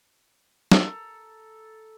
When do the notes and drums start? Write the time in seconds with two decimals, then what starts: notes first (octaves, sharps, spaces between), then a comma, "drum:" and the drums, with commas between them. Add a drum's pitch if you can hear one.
0.72 A4 A#5, drum: snare